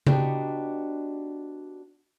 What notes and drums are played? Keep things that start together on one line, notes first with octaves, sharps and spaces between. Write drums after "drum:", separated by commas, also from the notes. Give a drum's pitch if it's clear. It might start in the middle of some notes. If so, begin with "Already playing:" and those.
B3 D4 D#4 F#4 G4, drum: tom C#3